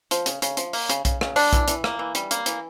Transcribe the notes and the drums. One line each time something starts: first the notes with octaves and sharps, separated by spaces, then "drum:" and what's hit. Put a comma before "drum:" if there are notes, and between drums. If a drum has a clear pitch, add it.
F3, drum: hi-hat
C#3, drum: hi-hat
C#3, drum: hi-hat
F3, drum: hi-hat
A#3, drum: open hi-hat
C#3, drum: hi-hat
C#3, drum: kick B1, hi-hat
C#3, drum: rim click
G3 D4, drum: open hi-hat
E3, drum: kick B1, hi-hat
E3, drum: hi-hat
A#3, drum: rim click
E3
G3, drum: hi-hat
A#3, drum: hi-hat
E3, drum: hi-hat